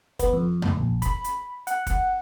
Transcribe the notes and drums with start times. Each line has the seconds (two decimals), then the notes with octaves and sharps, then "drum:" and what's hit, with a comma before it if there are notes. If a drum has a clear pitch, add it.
0.19 B3, drum: kick, hi-hat
0.33 F2
0.62 D2, drum: tom F2
0.77 A#1
1.02 B5, drum: kick, hi-hat
1.24 drum: hi-hat
1.67 F#5, drum: hi-hat
1.87 drum: kick, hi-hat